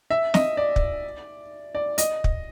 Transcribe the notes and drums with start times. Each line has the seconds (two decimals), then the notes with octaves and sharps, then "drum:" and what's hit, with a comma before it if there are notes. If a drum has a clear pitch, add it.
0.10 E5
0.34 D#5, drum: snare
0.57 D5
0.76 drum: kick
1.75 D5
1.98 D#5, drum: hi-hat
2.24 drum: kick